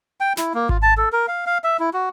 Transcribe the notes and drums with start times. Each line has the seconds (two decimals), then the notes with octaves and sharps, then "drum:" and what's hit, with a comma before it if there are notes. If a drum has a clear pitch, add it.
0.21 G5
0.37 E4, drum: snare
0.54 A#3
0.69 F4, drum: kick G#1
0.82 A5
0.97 A4
1.12 A#4
1.28 F5
1.46 F5
1.64 E5
1.80 E4
1.94 F#4